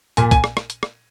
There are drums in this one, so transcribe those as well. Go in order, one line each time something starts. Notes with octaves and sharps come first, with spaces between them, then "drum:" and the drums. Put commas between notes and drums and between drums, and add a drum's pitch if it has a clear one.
A#2 G#5, drum: hi-hat
G#5, drum: kick, hi-hat
drum: rim click
drum: rim click
drum: hi-hat
drum: rim click